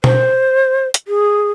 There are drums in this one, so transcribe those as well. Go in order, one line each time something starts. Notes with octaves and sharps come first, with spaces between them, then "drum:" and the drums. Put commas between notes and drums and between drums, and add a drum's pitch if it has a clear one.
C5, drum: tom B2
drum: hi-hat
G#4